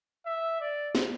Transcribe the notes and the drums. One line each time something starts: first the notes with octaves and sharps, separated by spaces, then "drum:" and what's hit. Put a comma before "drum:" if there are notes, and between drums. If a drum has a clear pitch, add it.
E5
D5
drum: snare